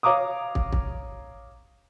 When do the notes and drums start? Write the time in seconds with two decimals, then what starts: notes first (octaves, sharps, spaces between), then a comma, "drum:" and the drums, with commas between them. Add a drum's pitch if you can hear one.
0.03 C#5 F5 A#5 D6 D#6
0.55 drum: kick
0.72 drum: kick